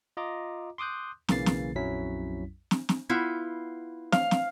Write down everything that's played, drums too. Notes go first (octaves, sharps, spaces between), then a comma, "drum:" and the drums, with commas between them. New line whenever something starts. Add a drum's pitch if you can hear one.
F4 D#5 A#5 D6
C6 D6 D#6 F#6 G6
B1 C#3 E3 A#3 A6 C7, drum: snare
drum: snare
A#1 F2 F#3 C#4 E4 B6
drum: snare
drum: snare
B3 E4 F4
F5, drum: snare
drum: snare